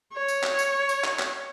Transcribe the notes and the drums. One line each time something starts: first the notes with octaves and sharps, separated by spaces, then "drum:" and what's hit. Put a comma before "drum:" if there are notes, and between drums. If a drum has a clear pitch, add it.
C#5
drum: tambourine
drum: clap
drum: tambourine
drum: tambourine
drum: clap
drum: clap